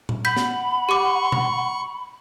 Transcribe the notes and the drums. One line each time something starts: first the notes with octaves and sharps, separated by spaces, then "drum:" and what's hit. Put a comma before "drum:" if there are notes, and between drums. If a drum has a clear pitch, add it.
drum: tom A#2
F#5 B5 G6 B6
drum: snare
G4 C#6 D6
drum: tom B2